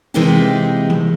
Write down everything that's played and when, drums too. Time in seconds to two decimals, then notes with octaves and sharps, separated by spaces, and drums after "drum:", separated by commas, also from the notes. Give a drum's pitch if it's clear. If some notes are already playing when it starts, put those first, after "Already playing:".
0.14 C3 E3 G#3 A#3 D#4 G4
0.90 drum: tom E3